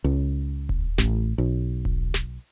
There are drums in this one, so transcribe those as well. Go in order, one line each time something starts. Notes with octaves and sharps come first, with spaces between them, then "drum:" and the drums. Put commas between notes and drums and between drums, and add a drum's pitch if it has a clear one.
C#2
drum: kick D#1
A1, drum: snare
B1
drum: kick D#1
drum: snare